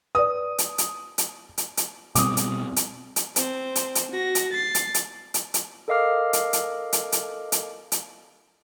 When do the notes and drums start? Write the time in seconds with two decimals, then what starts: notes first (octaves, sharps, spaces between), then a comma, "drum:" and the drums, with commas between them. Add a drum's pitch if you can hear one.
0.15 B4 D5 D#6
0.58 drum: hi-hat
0.78 drum: hi-hat
1.18 drum: hi-hat
1.58 drum: hi-hat
1.77 drum: hi-hat
2.15 B2 G3 C4 D6 D#6, drum: hi-hat
2.37 drum: hi-hat
2.76 drum: hi-hat
3.16 drum: hi-hat
3.36 C4 C5, drum: hi-hat
3.75 drum: hi-hat
3.95 drum: hi-hat
4.11 F#4 A#6
4.35 drum: hi-hat
4.52 A6 C7
4.75 drum: hi-hat
4.94 drum: hi-hat
5.34 drum: hi-hat
5.54 drum: hi-hat
5.88 A4 A#4 D#5 F5 D6 F6
6.33 drum: hi-hat
6.53 drum: hi-hat
6.93 drum: hi-hat
7.12 drum: hi-hat
7.52 drum: hi-hat
7.92 drum: hi-hat